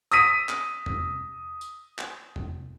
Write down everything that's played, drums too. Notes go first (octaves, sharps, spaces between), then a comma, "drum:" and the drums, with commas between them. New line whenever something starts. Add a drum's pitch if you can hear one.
D#6 E6 A#6 B6 D#7, drum: tambourine
drum: clap
drum: tom E2
drum: tambourine
drum: clap
drum: tom E2